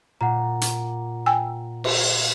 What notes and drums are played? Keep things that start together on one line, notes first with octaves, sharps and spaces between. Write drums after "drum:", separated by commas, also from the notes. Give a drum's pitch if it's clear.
A#2 F#5 A#5
drum: hi-hat
G5 G#5 E6
drum: cymbal